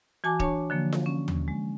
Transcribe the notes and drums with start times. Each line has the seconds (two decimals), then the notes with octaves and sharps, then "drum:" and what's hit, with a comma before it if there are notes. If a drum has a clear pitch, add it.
0.24 E3 F#4 G#5 A5 D6
0.40 D4 C#5 A5 C#6, drum: kick
0.70 D3 F3 A#3
0.92 drum: snare F4
1.06 C#4
1.28 drum: tom D#2
1.48 G#3